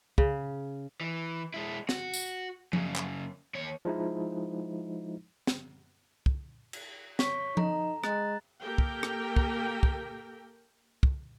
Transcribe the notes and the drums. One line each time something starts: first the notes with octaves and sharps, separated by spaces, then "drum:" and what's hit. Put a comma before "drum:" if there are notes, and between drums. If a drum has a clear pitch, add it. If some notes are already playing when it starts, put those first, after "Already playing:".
C#3, drum: kick
E3
G#3 E4
F#4, drum: snare
drum: tambourine
F#2 C#3, drum: tom F3
drum: clap
D#2 C#5
F3 G#3 D#4 E4
drum: snare
drum: kick
drum: cymbal
C#5 C#6 B6, drum: snare
D#4 A4 A#5, drum: tom F3
G#3 A#5 F#6 A6, drum: rim click
A#3 G4 A4 A#4 G5
drum: kick
drum: rim click
drum: kick
drum: kick
drum: kick